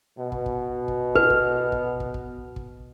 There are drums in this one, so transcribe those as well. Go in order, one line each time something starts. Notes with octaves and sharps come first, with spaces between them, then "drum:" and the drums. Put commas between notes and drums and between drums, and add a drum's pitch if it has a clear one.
B2
drum: kick
drum: kick
drum: kick
B4, drum: kick
drum: kick
drum: kick
drum: kick
drum: kick
drum: kick